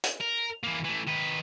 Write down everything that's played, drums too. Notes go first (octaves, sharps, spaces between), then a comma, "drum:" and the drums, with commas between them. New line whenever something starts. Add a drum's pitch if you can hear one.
drum: hi-hat
A#4
E3 A#3
E3 A3
D#3 B4